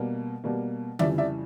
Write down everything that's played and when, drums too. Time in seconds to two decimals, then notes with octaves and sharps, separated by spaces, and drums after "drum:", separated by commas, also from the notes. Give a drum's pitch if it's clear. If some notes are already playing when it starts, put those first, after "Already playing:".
Already playing: B2 G3 A#3
0.44 B2 G3 A#3
0.99 F2 C#3 E3 G3 D5 E5, drum: tom D3
1.18 D5 E5